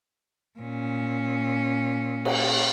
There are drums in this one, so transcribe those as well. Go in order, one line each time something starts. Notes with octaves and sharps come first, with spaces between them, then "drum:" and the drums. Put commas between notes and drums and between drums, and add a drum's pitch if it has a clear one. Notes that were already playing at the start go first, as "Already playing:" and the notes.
A#2 C#4
drum: cymbal